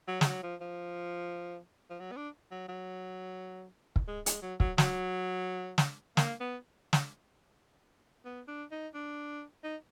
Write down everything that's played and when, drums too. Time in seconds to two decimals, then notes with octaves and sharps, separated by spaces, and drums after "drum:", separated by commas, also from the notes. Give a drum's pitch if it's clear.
0.08 F#3
0.21 G#3, drum: snare
0.26 F#3
0.43 F3
0.61 F3
1.90 F3
2.00 F#3
2.12 B3
2.17 D4
2.52 F#3
2.69 F#3
3.96 drum: kick
4.08 G#3
4.26 G#3, drum: hi-hat
4.42 F#3
4.60 F#3, drum: kick
4.78 F#3, drum: snare
5.78 drum: snare
6.17 A#3, drum: snare
6.41 B3
6.93 drum: snare
8.25 B3
8.48 D4
8.72 D#4
8.94 D4
9.64 D#4